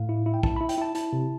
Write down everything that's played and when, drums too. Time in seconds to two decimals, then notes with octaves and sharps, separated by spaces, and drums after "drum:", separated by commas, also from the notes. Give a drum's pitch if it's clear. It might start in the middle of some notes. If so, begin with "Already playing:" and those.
Already playing: A2 F5
0.09 E4
0.26 E4
0.34 G5
0.43 E4 A5, drum: kick
0.56 E4 B5
0.69 G5, drum: hi-hat
0.78 E4 A5
0.95 E4 A5, drum: hi-hat
1.13 C3